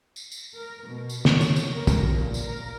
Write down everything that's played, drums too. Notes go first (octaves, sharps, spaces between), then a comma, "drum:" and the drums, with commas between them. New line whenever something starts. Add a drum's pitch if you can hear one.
drum: tambourine
drum: tambourine
A#4
B2
drum: tambourine
C#5, drum: snare
drum: tambourine
drum: tambourine
A#4
drum: kick, tambourine
A#2
drum: tambourine
A#4